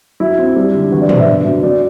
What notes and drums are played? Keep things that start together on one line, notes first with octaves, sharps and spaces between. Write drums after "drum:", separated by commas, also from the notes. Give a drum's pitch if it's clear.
F#3 E4
C4
G3
D3
E3 F#4
D5
B3 C5, drum: tom
E5
D3
F#3
F#3 D5